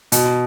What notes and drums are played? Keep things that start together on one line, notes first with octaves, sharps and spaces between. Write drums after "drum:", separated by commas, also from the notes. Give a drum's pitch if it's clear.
B2, drum: hi-hat